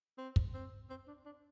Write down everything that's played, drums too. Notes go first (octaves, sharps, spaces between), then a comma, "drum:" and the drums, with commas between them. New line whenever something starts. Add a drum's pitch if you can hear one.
C4
drum: kick
C4
C4
D4
D4